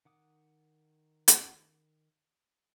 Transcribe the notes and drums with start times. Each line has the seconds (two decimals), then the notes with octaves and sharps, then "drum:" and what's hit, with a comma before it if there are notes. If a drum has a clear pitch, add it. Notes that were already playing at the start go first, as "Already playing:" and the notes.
0.05 D#3 F#5 D6 D#6
1.28 drum: hi-hat